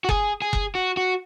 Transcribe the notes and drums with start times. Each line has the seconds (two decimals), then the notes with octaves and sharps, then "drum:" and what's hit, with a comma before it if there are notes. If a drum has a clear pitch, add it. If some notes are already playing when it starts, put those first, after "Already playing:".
0.04 F#4
0.09 G#4, drum: kick F#1
0.42 G#4
0.53 drum: kick F#1
0.75 F#4
0.97 F#4